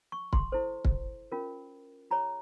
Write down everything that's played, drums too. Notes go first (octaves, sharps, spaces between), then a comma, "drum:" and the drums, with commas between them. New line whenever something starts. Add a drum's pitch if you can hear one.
C#6
C6, drum: kick
E4 A4 C5
drum: kick
C#4 F4 A#4
F4 G#4 C#5 A#5